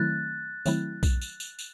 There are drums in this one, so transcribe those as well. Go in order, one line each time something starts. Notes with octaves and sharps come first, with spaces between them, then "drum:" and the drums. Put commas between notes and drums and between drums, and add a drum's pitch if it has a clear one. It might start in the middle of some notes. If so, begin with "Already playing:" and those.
Already playing: D#3 F#3 A3 C4 E4 F#6 A6
D#3 F#3 A3 C4 E4, drum: tambourine
drum: kick B1, tambourine
drum: tambourine
drum: tambourine
drum: tambourine